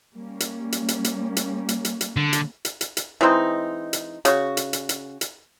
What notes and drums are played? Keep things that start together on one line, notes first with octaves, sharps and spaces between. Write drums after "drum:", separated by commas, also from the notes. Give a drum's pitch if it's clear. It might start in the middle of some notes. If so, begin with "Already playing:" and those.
G3 A#3 C#4
drum: hi-hat
drum: hi-hat
drum: hi-hat
drum: hi-hat
drum: hi-hat
drum: hi-hat
drum: hi-hat
drum: hi-hat
D3
drum: hi-hat
drum: hi-hat
drum: hi-hat
drum: hi-hat
E3 G#3 C4 D#4
drum: hi-hat
C#3 F#4, drum: hi-hat
drum: hi-hat
drum: hi-hat
drum: hi-hat
drum: hi-hat